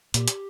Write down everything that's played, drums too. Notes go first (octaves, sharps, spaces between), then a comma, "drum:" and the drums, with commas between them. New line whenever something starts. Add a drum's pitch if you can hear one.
A#2 G4, drum: hi-hat
drum: hi-hat